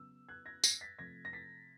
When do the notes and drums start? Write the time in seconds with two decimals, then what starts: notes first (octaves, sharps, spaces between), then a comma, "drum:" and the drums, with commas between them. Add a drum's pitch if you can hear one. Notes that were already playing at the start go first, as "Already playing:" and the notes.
Already playing: C#3 F#3 B3 E6
0.29 F#6 G#6
0.46 G#6 A#6
0.64 G#6 A#6, drum: tambourine
0.81 A6 B6
0.99 C3 F3 A3 G#6 A#6
1.25 A#6
1.33 A6 B6